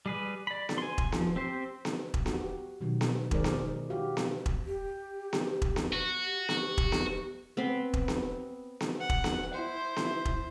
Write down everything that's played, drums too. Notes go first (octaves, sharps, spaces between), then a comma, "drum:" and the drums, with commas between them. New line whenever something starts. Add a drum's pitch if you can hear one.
G3 G#4 B4
D5 B5
drum: snare B3
G#5 C6
drum: kick E1
F3, drum: snare B3
C4 G4 C5
drum: snare B3
drum: kick E1
F#4 G4, drum: snare B3
B2 D#3 F#3
drum: snare B3
D#3 G#3 G#4 A#4 C5 D5, drum: kick E1
drum: snare B3
F#4 G4 F5
drum: snare B3
drum: kick E1
G4
drum: snare B3
drum: kick E1
drum: snare B3
F#4
G4
drum: snare B3
drum: kick E1
drum: snare B3
B3 C4 B5 C6
drum: kick E1
drum: snare B3
drum: snare B3
F#5
drum: kick E1
drum: snare B3
E4 C5
drum: snare B3
drum: kick E1